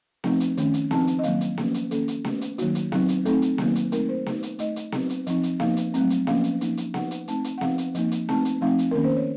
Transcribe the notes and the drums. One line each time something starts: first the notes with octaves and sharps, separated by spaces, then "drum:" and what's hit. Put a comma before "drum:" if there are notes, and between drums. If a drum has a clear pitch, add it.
F3 A3 C4 D#4, drum: snare B3
drum: hi-hat
D#3 A3 C#4, drum: hi-hat
drum: hi-hat
F3 C4 D#4 A5, drum: snare B3
drum: hi-hat
D#5
D#3 F#3 A#3 F5, drum: hi-hat
drum: hi-hat
F3 A#3 C#4, drum: snare B3
drum: hi-hat
D#3 A#3 C#4 A4, drum: hi-hat
drum: hi-hat
A3 C#4, drum: snare B3
drum: hi-hat
D#3 F#3 A#3 D#4 F#4, drum: hi-hat
drum: hi-hat
F#3 C4 D#4, drum: snare B3
drum: hi-hat
A3 C4 D#4 A4, drum: hi-hat
drum: hi-hat
D#3 F#3 A#3 D#4, drum: snare B3
drum: hi-hat
A3 C4 D#4 A#4, drum: hi-hat
C5
A3 D#4, drum: snare B3
drum: hi-hat
A3 D#4 D#5, drum: hi-hat
drum: hi-hat
F#3 C4 D#4, drum: snare B3
drum: hi-hat
F3 C4 D#4, drum: hi-hat
drum: hi-hat
F3 A#3 D#4 F5, drum: snare B3
drum: hi-hat
F#3 A3 C4, drum: hi-hat
drum: hi-hat
F3 A#3 C#4 F5, drum: snare B3
drum: hi-hat
F3 A#3 D#4, drum: hi-hat
drum: hi-hat
F3 A#3 D#4 F#5, drum: snare B3
drum: hi-hat
A3 C4 D#4 A5, drum: hi-hat
drum: hi-hat
F#5
F3 C4 D#4 F5, drum: snare B3
drum: hi-hat
F3 A#3 D#4, drum: hi-hat
drum: hi-hat
A3 C4 D#4 A5, drum: snare B3
drum: hi-hat
F3 A3 C4 D#4 F5
drum: hi-hat
D#3 A#3 C#4 A#4
C5
C#5